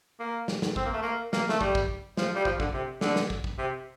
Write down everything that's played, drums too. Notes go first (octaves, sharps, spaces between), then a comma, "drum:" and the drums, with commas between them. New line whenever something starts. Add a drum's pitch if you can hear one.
A#3
drum: snare
drum: snare
C4, drum: kick
A#3
A3
A#3
A#3, drum: snare
A3, drum: snare
G3, drum: kick
drum: kick
F3, drum: snare
G3
F3, drum: kick
D3, drum: kick
C3
D3, drum: snare
drum: snare
drum: kick
drum: kick
C3